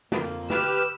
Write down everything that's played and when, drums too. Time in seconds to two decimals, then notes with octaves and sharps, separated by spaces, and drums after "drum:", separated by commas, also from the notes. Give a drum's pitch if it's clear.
0.12 F2 A#3, drum: snare
0.50 G4 B4 B5 E6 F6, drum: snare